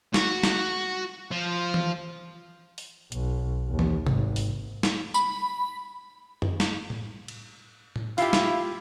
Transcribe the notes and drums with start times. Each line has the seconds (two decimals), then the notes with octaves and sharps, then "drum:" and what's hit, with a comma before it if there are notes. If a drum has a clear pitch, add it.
0.14 F#4, drum: snare
0.43 drum: snare
1.31 F3
1.74 drum: tom E3
2.78 drum: open hi-hat
3.12 B1, drum: hi-hat
3.68 D#2
3.79 drum: tom E3
4.07 G#1, drum: tom C3
4.36 drum: open hi-hat
4.83 drum: snare
5.14 B5, drum: tambourine
6.42 drum: tom F#2
6.60 drum: snare
6.90 drum: tom A2
7.28 drum: cymbal
7.96 drum: tom A2
8.18 E4 F4 G4 F5, drum: open hi-hat
8.33 drum: snare